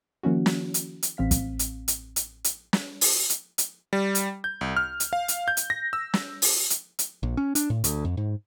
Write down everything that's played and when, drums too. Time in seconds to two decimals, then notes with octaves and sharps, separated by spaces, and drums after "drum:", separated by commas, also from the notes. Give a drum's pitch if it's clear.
0.23 D#3 F3 A#3 C#4 E4 F#4
0.46 drum: snare
0.74 drum: hi-hat
1.03 drum: hi-hat
1.17 A1 C4 F5 B6
1.31 drum: kick, hi-hat
1.59 drum: hi-hat
1.88 drum: hi-hat
2.16 drum: hi-hat
2.44 drum: hi-hat
2.73 drum: snare
3.01 drum: open hi-hat
3.30 drum: hi-hat
3.58 drum: hi-hat
3.93 G3
4.15 drum: hi-hat
4.44 G6
4.61 C2
4.77 F6
5.00 drum: hi-hat
5.13 F5
5.28 drum: hi-hat
5.48 G6
5.57 drum: hi-hat
5.70 A#6
5.93 E6
6.13 drum: snare
6.42 drum: open hi-hat
6.70 drum: hi-hat
6.99 drum: hi-hat
7.23 A#1
7.37 C#4
7.55 D4, drum: hi-hat
7.70 A2
7.84 D2, drum: hi-hat
8.05 F2
8.17 G#2